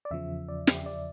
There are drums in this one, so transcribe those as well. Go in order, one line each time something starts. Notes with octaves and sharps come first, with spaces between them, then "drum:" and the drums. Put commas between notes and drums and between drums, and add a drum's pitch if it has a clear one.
D5
E2 C#3 F3 E5
D5
drum: snare
D5